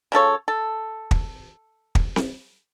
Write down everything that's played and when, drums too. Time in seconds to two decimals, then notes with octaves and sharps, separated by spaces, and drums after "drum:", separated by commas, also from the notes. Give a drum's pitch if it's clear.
0.12 C#3 F3 A4 C#5
0.48 A4
1.11 drum: kick
1.95 drum: kick
2.16 drum: snare C4